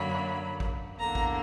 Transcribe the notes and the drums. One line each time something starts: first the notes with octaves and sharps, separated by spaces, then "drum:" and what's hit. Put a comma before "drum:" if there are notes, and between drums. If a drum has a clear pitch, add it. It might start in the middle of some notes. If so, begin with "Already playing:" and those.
Already playing: F#2 D3 F#3 A#3 B5
drum: kick
E2 D3 A#3 A#5
drum: kick